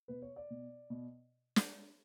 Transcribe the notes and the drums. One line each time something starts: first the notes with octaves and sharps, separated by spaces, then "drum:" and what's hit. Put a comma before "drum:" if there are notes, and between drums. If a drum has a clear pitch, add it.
B2 B4
C#5
D5
B2
B2
drum: snare